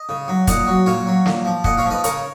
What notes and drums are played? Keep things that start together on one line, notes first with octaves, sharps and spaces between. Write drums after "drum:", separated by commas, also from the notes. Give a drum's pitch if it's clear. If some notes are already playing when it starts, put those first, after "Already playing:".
Already playing: D#5
C#3
F#3
A#2 D#5 F#5, drum: kick, hi-hat
F#3
A#2 C#5 F5
F#3
A#2, drum: snare
F3
A#2 D#5 F#5, drum: kick
C#5 F5
F3
B4 D#5
C#3 A#4 C#5, drum: hi-hat